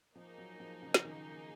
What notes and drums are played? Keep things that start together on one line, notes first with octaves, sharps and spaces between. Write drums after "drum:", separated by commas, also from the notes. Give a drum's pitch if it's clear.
F3 A#3 D#4 G#4
F#3
F3
C#3
drum: snare
D#3